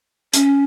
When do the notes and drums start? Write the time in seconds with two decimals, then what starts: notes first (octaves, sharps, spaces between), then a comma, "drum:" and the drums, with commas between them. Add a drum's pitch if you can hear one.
0.34 C#4, drum: hi-hat